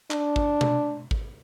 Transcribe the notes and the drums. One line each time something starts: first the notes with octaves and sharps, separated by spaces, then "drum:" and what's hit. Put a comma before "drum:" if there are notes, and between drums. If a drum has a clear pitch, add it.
D4, drum: clap
drum: kick
drum: tom B2
drum: kick